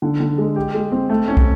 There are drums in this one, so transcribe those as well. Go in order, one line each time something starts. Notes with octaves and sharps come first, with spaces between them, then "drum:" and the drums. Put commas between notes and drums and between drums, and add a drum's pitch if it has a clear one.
D3
D3
G#3
G4
G#3
C4
A3
C#4
drum: kick